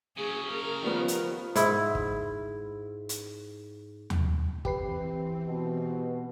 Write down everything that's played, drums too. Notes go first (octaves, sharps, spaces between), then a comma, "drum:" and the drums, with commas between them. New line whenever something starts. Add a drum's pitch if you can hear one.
C#3 F#3 G#4
A#4
D#3 F3 G3 B3
drum: hi-hat
G#2 E4, drum: hi-hat
drum: kick
drum: hi-hat
drum: tom
E3 C4 G4 B4 C7, drum: kick
B2